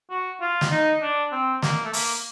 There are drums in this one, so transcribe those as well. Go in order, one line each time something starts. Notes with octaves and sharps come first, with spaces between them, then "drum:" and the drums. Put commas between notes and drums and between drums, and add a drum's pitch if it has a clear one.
F#4
F4
drum: snare
D#4
D4
C4
A#3, drum: snare
A3
A#3, drum: open hi-hat